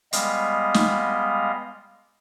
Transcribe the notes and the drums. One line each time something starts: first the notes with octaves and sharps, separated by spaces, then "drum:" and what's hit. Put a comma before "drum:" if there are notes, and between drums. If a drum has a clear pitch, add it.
G3 G#3 B3 D#5 F5, drum: hi-hat
drum: snare